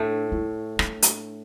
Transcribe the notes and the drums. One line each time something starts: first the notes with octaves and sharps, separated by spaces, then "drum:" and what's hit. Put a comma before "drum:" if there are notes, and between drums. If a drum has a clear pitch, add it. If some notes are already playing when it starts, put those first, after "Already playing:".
Already playing: A2 A3 D4
E4
D4, drum: rim click
drum: hi-hat